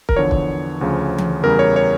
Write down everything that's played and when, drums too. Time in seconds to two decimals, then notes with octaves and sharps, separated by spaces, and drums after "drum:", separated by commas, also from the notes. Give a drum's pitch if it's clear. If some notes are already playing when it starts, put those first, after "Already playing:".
0.09 A#4, drum: kick
0.17 E2 D3 F3 C#5
0.31 drum: kick
0.81 D2 C#3 F3
1.18 drum: tom E3
1.43 E2 C#3 G3 A#4
1.59 C#5
1.76 C#5